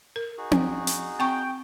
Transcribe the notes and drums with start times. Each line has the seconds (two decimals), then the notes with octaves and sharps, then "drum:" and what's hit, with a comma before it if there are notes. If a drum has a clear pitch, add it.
0.16 A#4
0.38 D#4 F#4 G#4
0.51 drum: tom C4
0.87 drum: hi-hat
1.19 C4 G5 G#5 C#6